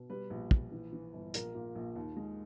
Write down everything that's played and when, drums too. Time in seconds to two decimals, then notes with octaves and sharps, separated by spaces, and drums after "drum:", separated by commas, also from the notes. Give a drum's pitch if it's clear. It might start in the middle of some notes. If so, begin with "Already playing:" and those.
Already playing: B2
0.10 G3 B4
0.30 A#1
0.51 A#1, drum: kick
0.72 E3
0.93 E3
1.13 G1
1.34 A#1 A#4, drum: hi-hat
1.55 A#2
1.75 A#1
1.96 D#2
2.17 G#3